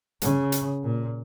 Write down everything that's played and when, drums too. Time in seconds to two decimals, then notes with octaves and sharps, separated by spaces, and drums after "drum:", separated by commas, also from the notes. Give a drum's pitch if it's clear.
0.22 C#3, drum: hi-hat
0.52 drum: hi-hat
0.83 A#2